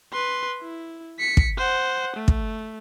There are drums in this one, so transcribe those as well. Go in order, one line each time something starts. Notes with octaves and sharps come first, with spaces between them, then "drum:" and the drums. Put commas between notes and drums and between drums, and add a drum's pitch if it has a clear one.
B4 C6
E4
B6 C#7
drum: kick
C5 F#5
A3
drum: kick